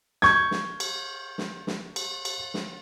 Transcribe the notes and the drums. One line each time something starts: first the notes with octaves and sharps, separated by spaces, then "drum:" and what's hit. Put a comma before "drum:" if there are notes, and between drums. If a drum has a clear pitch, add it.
C#6 G6 G#6, drum: snare
drum: snare
drum: cymbal
drum: snare
drum: snare
drum: cymbal
drum: cymbal
drum: snare